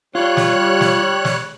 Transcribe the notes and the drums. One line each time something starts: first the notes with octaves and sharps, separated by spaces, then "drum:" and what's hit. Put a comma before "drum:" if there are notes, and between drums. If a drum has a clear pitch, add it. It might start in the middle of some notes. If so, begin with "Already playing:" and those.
G3 F4 C#5 F#6
drum: snare
drum: snare
drum: snare